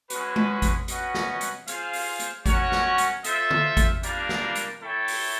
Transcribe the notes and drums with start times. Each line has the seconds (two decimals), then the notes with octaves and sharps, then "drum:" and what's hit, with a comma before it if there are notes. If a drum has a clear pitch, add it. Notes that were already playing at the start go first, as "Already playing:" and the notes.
0.10 G#3 C#4 F#4 B4, drum: hi-hat
0.36 drum: tom G#3
0.62 drum: kick G#1, hi-hat
0.88 C#4 F#4 B4 D#5 F#5, drum: hi-hat
1.15 drum: snare
1.41 drum: hi-hat
1.68 F4 G#4 C5 F5, drum: hi-hat
1.93 drum: open hi-hat
2.19 drum: hi-hat
2.46 C#4 F#4 A#4 C#5 F#5, drum: kick G#1, hi-hat
2.72 drum: snare
2.98 drum: hi-hat
3.24 F4 A4 C5 E5, drum: hi-hat
3.51 drum: tom D3
3.77 drum: kick G#1, hi-hat
4.03 G3 A#3 D4 F4 A#4, drum: hi-hat
4.29 drum: snare
4.55 drum: hi-hat
4.82 E4 A4 C#5 E5 G5
5.08 drum: open hi-hat